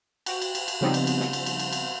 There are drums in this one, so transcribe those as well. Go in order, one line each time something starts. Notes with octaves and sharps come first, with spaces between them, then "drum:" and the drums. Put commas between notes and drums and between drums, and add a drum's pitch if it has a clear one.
F#4 G5, drum: cymbal
drum: cymbal
drum: cymbal
drum: cymbal
C#3 F3 G3 B3 C4 D#4
drum: cymbal
drum: cymbal
drum: snare
drum: cymbal
drum: cymbal
drum: cymbal
drum: cymbal